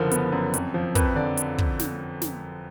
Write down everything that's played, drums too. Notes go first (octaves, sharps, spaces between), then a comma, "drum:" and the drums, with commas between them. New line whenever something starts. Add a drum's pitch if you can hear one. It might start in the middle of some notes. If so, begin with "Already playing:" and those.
Already playing: F#1 D3 F3 A#4
B3, drum: hi-hat
F#2
F2, drum: hi-hat
F3
F2 B4, drum: kick, hi-hat
D3 D5
drum: hi-hat
drum: kick
drum: snare
drum: snare